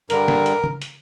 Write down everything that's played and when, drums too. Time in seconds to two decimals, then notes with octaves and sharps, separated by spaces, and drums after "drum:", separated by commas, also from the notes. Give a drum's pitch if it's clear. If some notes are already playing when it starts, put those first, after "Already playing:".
0.10 G2 D3 G3 A#4, drum: hi-hat
0.28 drum: snare
0.46 drum: hi-hat
0.64 drum: tom
0.82 drum: hi-hat